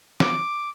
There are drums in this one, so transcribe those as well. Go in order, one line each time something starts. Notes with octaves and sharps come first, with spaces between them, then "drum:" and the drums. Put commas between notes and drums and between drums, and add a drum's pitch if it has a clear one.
D6, drum: snare